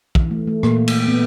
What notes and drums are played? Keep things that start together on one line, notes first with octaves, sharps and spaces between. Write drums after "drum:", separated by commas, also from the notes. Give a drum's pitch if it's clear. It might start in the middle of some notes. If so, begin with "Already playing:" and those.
E3, drum: kick
A3
A3
A#2 A#3, drum: rim click
drum: cymbal
B3